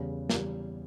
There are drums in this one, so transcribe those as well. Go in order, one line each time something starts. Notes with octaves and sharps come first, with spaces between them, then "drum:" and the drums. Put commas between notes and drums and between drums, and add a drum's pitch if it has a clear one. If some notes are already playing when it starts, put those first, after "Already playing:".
Already playing: E2 C#3 G3
E2 C#3 G3, drum: snare